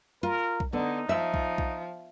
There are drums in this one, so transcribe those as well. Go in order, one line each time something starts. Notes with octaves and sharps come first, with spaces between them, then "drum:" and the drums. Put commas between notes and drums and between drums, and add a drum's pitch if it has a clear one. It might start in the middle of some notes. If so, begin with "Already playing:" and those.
F4 A#4
drum: kick B1
D3 B3 D#4
F3 E5
drum: kick B1
drum: kick B1